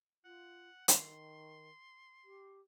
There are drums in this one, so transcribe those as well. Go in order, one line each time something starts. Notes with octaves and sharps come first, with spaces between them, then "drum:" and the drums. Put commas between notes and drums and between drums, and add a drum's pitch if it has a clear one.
F4 F#5
D#3 C6, drum: hi-hat
G4